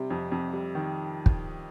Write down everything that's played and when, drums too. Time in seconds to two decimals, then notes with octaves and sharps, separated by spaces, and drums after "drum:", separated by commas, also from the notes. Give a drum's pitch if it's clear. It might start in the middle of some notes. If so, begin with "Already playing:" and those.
Already playing: C3 G3
0.10 F2
0.32 F2
0.53 G3
0.75 D#3
1.26 drum: kick